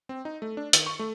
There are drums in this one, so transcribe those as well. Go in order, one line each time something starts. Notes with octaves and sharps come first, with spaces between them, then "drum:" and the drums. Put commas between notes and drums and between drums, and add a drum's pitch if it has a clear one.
C4
D#4
A3
D4
D#3, drum: hi-hat
C#6
A3